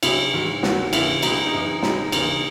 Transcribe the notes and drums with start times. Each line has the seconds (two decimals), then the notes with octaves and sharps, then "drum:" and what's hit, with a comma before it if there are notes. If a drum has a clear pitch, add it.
0.03 C#2 B2 F#3 E4, drum: cymbal
0.33 G#2 D#3 F#3
0.63 D#2 D#3 F#3 F#4, drum: snare
0.93 D#2 C#3 E3 E4, drum: cymbal
1.23 C#2 B2 F#3 D#4, drum: cymbal
1.46 D#4
1.53 F#2 E3
1.82 C#2 B2 F#3 D#4, drum: snare
2.12 D#2 C#3 E3, drum: cymbal